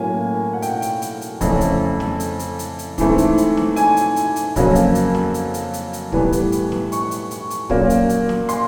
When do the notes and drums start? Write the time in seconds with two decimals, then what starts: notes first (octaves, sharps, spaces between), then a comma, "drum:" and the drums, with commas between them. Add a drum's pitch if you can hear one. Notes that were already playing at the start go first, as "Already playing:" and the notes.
Already playing: A2 F#3 A#3 C#4 G#5
0.53 F#5
0.62 G5, drum: hi-hat
0.82 drum: hi-hat
1.02 drum: hi-hat
1.21 drum: hi-hat
1.41 F2 C#3 E3 A3 C#4, drum: kick, hi-hat
1.61 drum: hi-hat
2.00 drum: snare
2.20 drum: hi-hat
2.39 drum: hi-hat
2.59 drum: hi-hat
2.79 drum: hi-hat
2.98 G#2 E3 A3 C4, drum: kick, hi-hat
3.18 drum: hi-hat
3.38 drum: hi-hat
3.57 drum: snare
3.76 G#5, drum: hi-hat
3.97 drum: hi-hat
4.16 drum: hi-hat
4.36 drum: hi-hat
4.56 F2 C#3 F#3 A#3, drum: kick, hi-hat
4.75 drum: hi-hat
4.95 drum: hi-hat
5.15 drum: snare
5.34 drum: hi-hat
5.54 drum: hi-hat
5.74 drum: hi-hat
5.93 drum: hi-hat
6.12 A2 E3 G3 B3, drum: kick
6.32 drum: hi-hat
6.52 drum: hi-hat
6.72 drum: snare
6.92 C#6, drum: hi-hat
7.11 drum: hi-hat
7.31 drum: hi-hat
7.50 drum: hi-hat
7.70 A#2 F#3 A#3 C#4, drum: kick
7.90 drum: hi-hat
8.09 drum: hi-hat
8.29 drum: snare
8.49 C6, drum: hi-hat